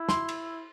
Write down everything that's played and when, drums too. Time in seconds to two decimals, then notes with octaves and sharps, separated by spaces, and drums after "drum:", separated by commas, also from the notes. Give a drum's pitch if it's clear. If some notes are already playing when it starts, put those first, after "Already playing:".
Already playing: E4
0.09 C6, drum: snare
0.29 drum: cymbal